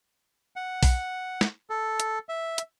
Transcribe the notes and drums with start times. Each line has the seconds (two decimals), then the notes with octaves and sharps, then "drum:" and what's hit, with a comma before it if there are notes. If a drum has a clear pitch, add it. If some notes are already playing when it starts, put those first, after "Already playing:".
0.56 F#5
0.83 drum: kick B1, open hi-hat
1.41 drum: snare
1.70 A4
2.00 drum: hi-hat
2.29 E5
2.58 drum: hi-hat